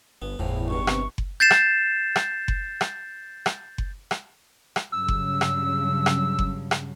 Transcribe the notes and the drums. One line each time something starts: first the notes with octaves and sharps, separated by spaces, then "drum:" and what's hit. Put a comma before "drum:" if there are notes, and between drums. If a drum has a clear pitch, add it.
G1 B3
G1 E2 A2 F3
B1 G2 B2 C#6
C3, drum: rim click
drum: kick F#1
G6 A6 C7 E7
drum: rim click
drum: rim click
drum: kick F#1
drum: rim click
drum: rim click
drum: kick F#1
drum: rim click
drum: rim click
G2 C#3 F#3 E6
drum: kick F#1
drum: rim click
drum: rim click
drum: kick F#1
drum: rim click